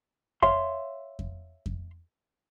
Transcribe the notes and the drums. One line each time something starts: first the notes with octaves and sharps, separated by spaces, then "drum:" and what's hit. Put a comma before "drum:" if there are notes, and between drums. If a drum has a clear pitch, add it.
C#5 E5 F5 C6, drum: kick F2
drum: kick F2
drum: kick F2